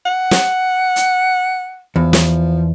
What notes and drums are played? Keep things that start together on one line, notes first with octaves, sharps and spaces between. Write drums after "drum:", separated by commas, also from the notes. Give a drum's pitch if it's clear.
F#5
drum: snare
drum: hi-hat
E2 F3
drum: snare